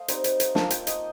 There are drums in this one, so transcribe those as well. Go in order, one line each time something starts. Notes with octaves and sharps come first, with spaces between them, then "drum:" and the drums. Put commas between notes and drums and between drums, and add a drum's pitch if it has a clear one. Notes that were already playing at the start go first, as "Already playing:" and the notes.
Already playing: A3 C5 D#5 F5
G3 C4 D#4, drum: hi-hat
drum: hi-hat
drum: hi-hat
A#3 F4 A5, drum: snare
G5, drum: hi-hat
D#5, drum: hi-hat